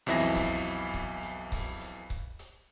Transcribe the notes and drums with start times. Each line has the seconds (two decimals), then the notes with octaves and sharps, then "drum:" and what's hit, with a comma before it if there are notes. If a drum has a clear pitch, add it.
0.06 B1 F2 E3 E5 A#6, drum: hi-hat
0.36 drum: kick C#1, open hi-hat
0.94 drum: kick C#1
1.23 drum: hi-hat
1.52 drum: kick C#1, open hi-hat
1.81 drum: hi-hat
2.10 drum: kick C#1
2.39 drum: hi-hat